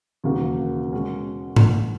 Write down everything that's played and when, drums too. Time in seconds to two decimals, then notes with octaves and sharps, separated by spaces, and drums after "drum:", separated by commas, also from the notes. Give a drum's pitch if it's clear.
0.24 E1 D#2 C#3 F#3 A#3
0.93 B2 G#3 C#4
1.56 drum: tom G#2